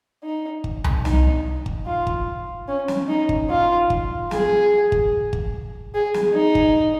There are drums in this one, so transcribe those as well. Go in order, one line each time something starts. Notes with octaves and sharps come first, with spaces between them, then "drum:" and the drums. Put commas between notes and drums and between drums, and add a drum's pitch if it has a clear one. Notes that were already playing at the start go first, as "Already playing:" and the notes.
D#4
drum: kick
drum: tom C2
D#4, drum: snare
drum: kick
F4
drum: kick
C#4
drum: snare
D#4
drum: kick
F4
drum: kick
G#4, drum: snare
drum: kick
drum: kick
G#4
drum: snare
D#4
drum: kick